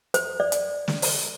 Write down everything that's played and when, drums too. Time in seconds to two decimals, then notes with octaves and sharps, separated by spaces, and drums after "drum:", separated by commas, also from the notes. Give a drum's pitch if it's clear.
0.14 C5, drum: hi-hat
0.40 D5
0.52 drum: hi-hat
0.88 drum: snare
1.02 drum: open hi-hat